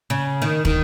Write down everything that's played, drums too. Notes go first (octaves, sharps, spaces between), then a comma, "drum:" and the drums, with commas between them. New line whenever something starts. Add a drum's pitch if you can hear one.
C#3
D#3
D#3, drum: kick